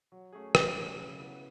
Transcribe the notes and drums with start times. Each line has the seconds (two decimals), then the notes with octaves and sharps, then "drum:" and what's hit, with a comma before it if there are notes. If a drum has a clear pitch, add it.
0.12 F#3
0.32 A3 C#4 G#4
0.55 F#3, drum: rim click
0.77 A3 C#4 G#4
0.98 C#3
1.20 F#3 B3 E4 B4